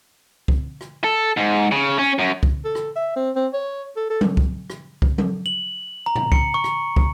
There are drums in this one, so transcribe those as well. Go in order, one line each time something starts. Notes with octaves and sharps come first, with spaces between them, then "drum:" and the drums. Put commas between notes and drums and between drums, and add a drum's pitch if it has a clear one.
drum: kick
drum: rim click
A4
G#2
C#3
C#4
F#2
drum: kick
A4
drum: rim click
E5
C4
C4
C#5
A4
A4
drum: tom F#3
drum: kick
drum: rim click
drum: kick
drum: tom F#3
F#7
A#5
drum: tom A2
C#7, drum: kick
C#6
drum: rim click
drum: kick